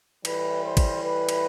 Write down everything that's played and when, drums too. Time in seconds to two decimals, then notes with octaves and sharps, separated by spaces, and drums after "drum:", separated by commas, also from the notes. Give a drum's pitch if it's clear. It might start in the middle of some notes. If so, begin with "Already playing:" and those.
0.25 A2 E3 G3 B4, drum: cymbal
0.64 C5
0.77 drum: kick G#1, cymbal
1.03 B4
1.29 drum: cymbal